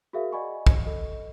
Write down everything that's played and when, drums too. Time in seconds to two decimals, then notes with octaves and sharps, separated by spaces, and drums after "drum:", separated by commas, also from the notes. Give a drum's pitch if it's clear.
0.13 F#4 G#4 A#4 E5 F5
0.32 D5 D#5 F#5 G#5 B5 C#6
0.67 drum: kick
0.86 A4 D#5